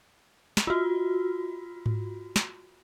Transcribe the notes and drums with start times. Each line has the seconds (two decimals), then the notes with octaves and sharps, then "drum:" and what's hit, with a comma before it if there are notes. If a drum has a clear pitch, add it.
0.57 drum: snare
0.67 F4 F#4
1.86 drum: tom G#2
2.36 drum: snare